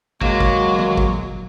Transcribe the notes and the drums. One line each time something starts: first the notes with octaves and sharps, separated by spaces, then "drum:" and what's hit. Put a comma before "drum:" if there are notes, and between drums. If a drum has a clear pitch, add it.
F#3 G#3 A#3, drum: kick
drum: kick
drum: tom
drum: kick